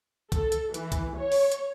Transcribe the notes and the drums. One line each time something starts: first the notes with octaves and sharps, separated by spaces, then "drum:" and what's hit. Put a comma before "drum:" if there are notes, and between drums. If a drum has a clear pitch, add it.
A4, drum: kick C2, hi-hat
drum: hi-hat
E3, drum: hi-hat
drum: kick C2, hi-hat
C#5
drum: open hi-hat
drum: hi-hat